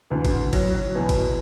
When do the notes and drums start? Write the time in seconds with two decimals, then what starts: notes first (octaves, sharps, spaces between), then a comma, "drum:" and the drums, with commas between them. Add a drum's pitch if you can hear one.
0.10 D2 D3 E3
0.25 drum: kick G#1, cymbal
0.53 F#3, drum: kick G#1, cymbal
0.74 F#3
0.95 E2 B2 E3
1.09 drum: kick G#1, cymbal